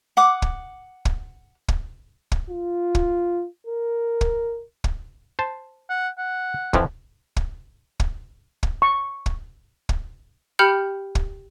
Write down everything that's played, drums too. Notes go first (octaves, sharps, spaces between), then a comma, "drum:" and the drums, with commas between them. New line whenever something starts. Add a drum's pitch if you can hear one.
F#5 D6 D#6
drum: kick
drum: kick
drum: kick
drum: kick
F4
drum: kick
A#4
drum: kick
drum: kick
C5 A5
F#5
F#5
F2 E3 F3, drum: kick
drum: kick
drum: kick
drum: kick
C#6
drum: kick
drum: kick
G4 G5 B5 F6 G6 C#7
drum: kick